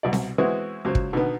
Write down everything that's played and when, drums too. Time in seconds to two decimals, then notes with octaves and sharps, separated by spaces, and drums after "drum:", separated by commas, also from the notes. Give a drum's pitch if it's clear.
0.03 C2 B2 D5
0.13 drum: snare C4
0.38 E3 G#3 B3 C4 E4 F#4
0.85 C#2 F#3 C5
0.95 drum: kick
1.13 B2 D3 D#3 B3